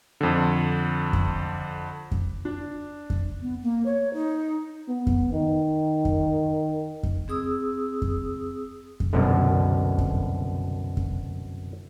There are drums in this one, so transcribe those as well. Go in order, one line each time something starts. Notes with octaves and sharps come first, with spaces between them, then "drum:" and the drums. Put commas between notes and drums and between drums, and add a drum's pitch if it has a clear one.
F2 D3
drum: kick F2
drum: kick F2
D4
drum: kick F2
B3
A#3
C#5
D#4
B3
drum: kick F2
D#3
drum: kick F2
drum: kick F2
C4 G#4 D#6 E6
drum: kick F2
drum: kick F2
C2 F#2 B2 D3
drum: kick F2
drum: kick F2